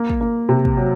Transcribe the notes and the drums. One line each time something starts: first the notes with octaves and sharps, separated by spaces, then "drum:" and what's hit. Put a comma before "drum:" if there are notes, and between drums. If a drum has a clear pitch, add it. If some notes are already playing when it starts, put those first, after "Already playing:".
Already playing: A#3
drum: kick
A#3
C3
drum: kick
F#3